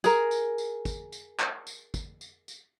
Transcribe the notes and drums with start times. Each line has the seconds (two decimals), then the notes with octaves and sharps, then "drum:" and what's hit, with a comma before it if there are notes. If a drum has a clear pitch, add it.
0.04 G#4 A#4, drum: tambourine
0.31 drum: tambourine
0.58 drum: tambourine
0.85 drum: kick, tambourine
1.12 drum: tambourine
1.40 drum: clap
1.67 drum: tambourine
1.94 drum: kick, tambourine
2.21 drum: tambourine
2.48 drum: tambourine